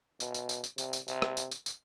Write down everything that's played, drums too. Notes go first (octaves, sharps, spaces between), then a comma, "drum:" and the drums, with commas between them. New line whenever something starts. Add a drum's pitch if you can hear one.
B2, drum: tambourine
drum: tambourine
drum: tambourine
drum: tambourine
C3, drum: tambourine
drum: tambourine
C3, drum: tambourine
drum: rim click
drum: tambourine
drum: tambourine
drum: tambourine